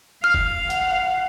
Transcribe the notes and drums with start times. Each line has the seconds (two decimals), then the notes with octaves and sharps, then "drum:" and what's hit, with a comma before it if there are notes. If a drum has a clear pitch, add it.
0.24 F5 F6
0.34 drum: kick F1
0.70 F#5, drum: hi-hat